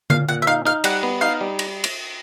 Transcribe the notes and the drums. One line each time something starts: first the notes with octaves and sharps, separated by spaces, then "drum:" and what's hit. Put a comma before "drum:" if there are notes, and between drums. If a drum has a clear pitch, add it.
A#2 F5, drum: tom D3
A#2 F#5
E5
D#4 F5
D#4 F5
G3 F#5, drum: cymbal
B3
D#4 F5
G3
drum: cymbal
drum: cymbal